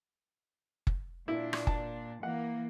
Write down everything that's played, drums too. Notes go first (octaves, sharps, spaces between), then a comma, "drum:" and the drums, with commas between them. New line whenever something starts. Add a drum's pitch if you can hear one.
drum: kick F#1
A#2 D4 E4
drum: rim click
A5, drum: kick F#1
E3 A#3 F#5